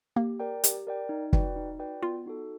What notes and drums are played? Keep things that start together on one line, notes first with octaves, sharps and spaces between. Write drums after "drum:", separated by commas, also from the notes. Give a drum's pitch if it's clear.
A#3 G4
A#4 D5 G5
G4, drum: hi-hat
A#4 D5 G5
D#4
F#4 B4 D5 G5, drum: kick
D#4
F#4 B4 D5 G5
B3 F4
D#4 F#4 A4